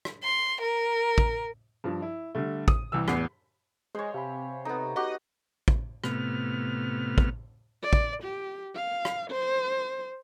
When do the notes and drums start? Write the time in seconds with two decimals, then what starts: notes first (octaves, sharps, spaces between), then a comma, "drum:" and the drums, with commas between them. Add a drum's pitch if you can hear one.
0.05 drum: rim click
0.24 C6
0.62 A#4
1.18 drum: kick
1.84 G2 F3
2.02 E4
2.35 D3 G3 A3
2.68 D#6, drum: kick
2.92 C2 E3 E6
3.08 D1 E2 B3 C7, drum: rim click
3.95 G#3 C5 C#5
4.14 C3 F5 G#5 B5
4.65 B3 D#4 A4 A#5
4.96 F#4 G4 D#5 F#5
5.68 drum: kick
6.04 A2 C3 B3 F6, drum: rim click
7.18 drum: kick
7.83 D5
7.93 drum: kick
8.23 G4
8.75 F5
9.05 drum: rim click
9.31 C5